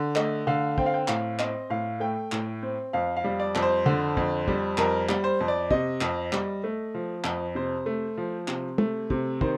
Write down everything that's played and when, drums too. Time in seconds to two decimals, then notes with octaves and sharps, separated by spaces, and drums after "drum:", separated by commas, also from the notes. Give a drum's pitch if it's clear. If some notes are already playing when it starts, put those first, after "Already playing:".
Already playing: D3
0.15 A3 D#5, drum: clap
0.47 D3 F5
0.78 C4 G5, drum: kick
0.86 F5
0.94 G5
1.08 A2 F5, drum: clap
1.39 C4 D#5, drum: clap
1.70 A2 F5
2.00 A3 G5
2.32 A2, drum: clap
2.63 C4
2.93 F2 F5
3.17 F5
3.24 G3
3.40 D5
3.55 F2, drum: clap
3.62 C5
3.86 D3, drum: tom
4.17 F2, drum: kick
4.48 G3, drum: kick
4.78 F2 A#4, drum: clap
5.09 G3, drum: clap
5.24 C5
5.40 F2
5.48 D5
5.70 C3 D#5, drum: kick
6.01 F2, drum: clap
6.33 G3, drum: clap
6.64 A3
6.95 F3
7.24 F2, drum: clap
7.55 C3 C5
7.86 A3
8.18 F3
8.48 C3, drum: clap
8.78 A3, drum: tom
9.10 C3, drum: kick
9.41 D#3 C5, drum: kick